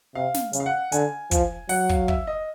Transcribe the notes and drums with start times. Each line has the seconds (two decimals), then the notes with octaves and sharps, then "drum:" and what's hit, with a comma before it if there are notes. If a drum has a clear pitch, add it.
0.15 C3 F5
0.34 drum: snare
0.53 C#3, drum: hi-hat
0.60 F5
0.66 F#5
0.92 D3 G#5, drum: hi-hat
1.31 F3, drum: kick, hi-hat
1.69 F#3 F#5, drum: open hi-hat
1.89 F5, drum: kick
2.08 E5, drum: kick
2.27 D#5